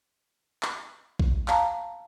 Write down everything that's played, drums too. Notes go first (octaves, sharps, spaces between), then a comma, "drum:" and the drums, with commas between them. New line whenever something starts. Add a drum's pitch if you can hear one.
drum: clap
drum: kick A#1
F5 A5 A#5, drum: clap